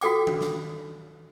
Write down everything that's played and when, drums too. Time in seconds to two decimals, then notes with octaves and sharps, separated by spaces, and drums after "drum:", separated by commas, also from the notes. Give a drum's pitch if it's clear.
0.01 F4 F#4 A4 G5 D6, drum: tambourine
0.27 drum: tom D#3
0.41 drum: snare